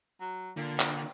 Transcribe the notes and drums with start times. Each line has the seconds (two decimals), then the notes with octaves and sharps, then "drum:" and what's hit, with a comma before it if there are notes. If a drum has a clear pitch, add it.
0.21 F#3
0.57 A#2 D3
0.80 drum: clap